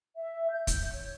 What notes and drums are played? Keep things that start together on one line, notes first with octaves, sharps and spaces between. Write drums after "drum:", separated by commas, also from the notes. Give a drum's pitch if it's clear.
E5
G6
drum: kick, hi-hat
C#5